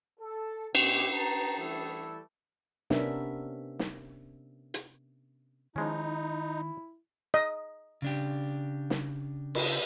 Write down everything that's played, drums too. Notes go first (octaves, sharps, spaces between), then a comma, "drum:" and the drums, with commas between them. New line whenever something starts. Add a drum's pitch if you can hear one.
A4
B2 C#4 E4 G4, drum: cymbal
B4 G5 A5 A#5
E3 G3 A3 E4 A4
C3 B3 C#4 D4 A#4 E5, drum: snare
drum: snare
drum: hi-hat
D#3 F3 G#3 C#4 D#4 E4
D#5
C#3 D4 G4
drum: snare
drum: cymbal